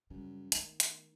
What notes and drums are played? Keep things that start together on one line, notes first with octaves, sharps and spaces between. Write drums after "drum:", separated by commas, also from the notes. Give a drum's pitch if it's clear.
F#2 C#3 G3
D#3 A3 B3, drum: hi-hat
drum: hi-hat